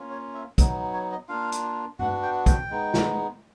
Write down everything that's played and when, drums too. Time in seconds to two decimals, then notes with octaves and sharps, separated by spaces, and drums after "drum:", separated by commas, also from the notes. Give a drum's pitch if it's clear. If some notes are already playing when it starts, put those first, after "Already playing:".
Already playing: A#3 C#4 F4
0.10 C#5
0.34 E5
0.58 F#3 B3 D#4 D#5, drum: kick, hi-hat
0.93 C#5
1.11 D#5
1.28 A#3 D4 F4 F5
1.52 drum: hi-hat
1.99 B3 D4 F#4 F#5, drum: tom G2
2.22 G5
2.46 G5, drum: kick, hi-hat
2.70 G#3 B3 D#4
2.94 drum: snare